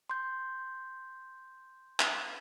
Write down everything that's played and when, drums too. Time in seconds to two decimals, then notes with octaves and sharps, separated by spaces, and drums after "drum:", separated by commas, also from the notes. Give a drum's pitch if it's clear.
0.10 C6 G6
2.00 drum: clap